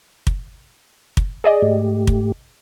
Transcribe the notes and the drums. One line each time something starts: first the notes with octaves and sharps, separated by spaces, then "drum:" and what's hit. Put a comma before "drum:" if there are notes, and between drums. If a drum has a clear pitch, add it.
drum: kick
drum: kick
G#4 D5 D#5
G#2 A3 G4
drum: kick